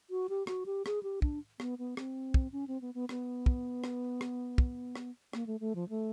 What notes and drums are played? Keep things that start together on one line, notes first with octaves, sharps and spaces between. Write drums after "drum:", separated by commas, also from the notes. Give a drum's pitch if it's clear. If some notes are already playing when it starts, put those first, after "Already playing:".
F#4
G4
F#4, drum: rim click
G4
G#4, drum: rim click
G4
D4, drum: kick
B3, drum: rim click
B3
C4, drum: rim click
drum: kick
C#4
C4
B3
B3
B3, drum: rim click
drum: kick
drum: rim click
drum: rim click
drum: kick
drum: rim click
A#3, drum: rim click
A3
A3
F3
A3